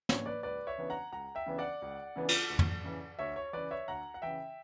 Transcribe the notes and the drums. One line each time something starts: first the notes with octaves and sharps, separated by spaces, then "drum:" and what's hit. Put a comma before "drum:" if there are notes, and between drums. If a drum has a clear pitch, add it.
C#3 E3 B3 D4 C#5, drum: snare
B4 D5
C#2 B4 D5
C#5 E5
C#3 E3 B3 D4
F#5 A#5
C#2 F#5 A#5
E5 G5
C#3 E3 B3 D4
D5 F#5
C#2
C#3 E3 B3 D4
drum: cymbal
D2
drum: tom
C#3 E3
D2 C#5 E5
C#5
C#3 E3 B4 D5
C#5 E5
D2 F#5 A#5
F#5
C#3 E3 E5 G5